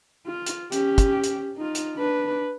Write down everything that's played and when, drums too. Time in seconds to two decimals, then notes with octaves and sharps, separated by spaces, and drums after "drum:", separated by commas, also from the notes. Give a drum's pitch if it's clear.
0.26 F4
0.46 drum: hi-hat
0.72 C#4 G4, drum: hi-hat
0.98 drum: kick, hi-hat
1.24 drum: hi-hat
1.57 D#4 F4
1.75 drum: hi-hat
1.96 D4 B4